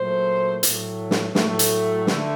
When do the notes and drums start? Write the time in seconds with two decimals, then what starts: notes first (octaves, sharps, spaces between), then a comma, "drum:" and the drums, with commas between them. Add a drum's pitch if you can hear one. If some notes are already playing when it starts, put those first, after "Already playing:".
Already playing: A#2 F#3 A3 C5
0.63 A2 F#3 A3, drum: hi-hat
1.11 drum: snare
1.35 A2 F#3 A3, drum: snare
1.59 drum: hi-hat
2.07 D3 A3, drum: snare